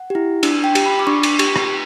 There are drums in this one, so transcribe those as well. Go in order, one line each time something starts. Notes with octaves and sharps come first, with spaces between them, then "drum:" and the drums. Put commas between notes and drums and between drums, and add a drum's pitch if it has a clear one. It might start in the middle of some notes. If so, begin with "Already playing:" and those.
Already playing: F#5
E4 G4
D4, drum: cymbal
G5
G4, drum: cymbal
B5
D6
D4 C#6
drum: cymbal
G4 C#6, drum: cymbal
drum: rim click